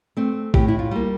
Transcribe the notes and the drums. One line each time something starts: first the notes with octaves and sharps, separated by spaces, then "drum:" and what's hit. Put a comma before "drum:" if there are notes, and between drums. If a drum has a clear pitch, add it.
A3 C4
A2 G4, drum: kick
E4
F4
G3 A#3